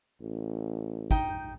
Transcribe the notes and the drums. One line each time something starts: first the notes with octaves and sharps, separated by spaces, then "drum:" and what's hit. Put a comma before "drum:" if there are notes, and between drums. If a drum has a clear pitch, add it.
A1
D#4 G5, drum: kick